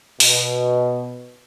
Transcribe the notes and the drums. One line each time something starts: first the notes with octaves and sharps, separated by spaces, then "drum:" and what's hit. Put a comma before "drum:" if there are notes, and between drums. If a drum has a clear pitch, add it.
B2, drum: open hi-hat